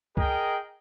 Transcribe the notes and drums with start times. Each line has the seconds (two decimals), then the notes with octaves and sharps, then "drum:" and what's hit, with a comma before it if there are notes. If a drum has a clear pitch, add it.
0.17 G#4 A#4 D#5 G5, drum: kick C2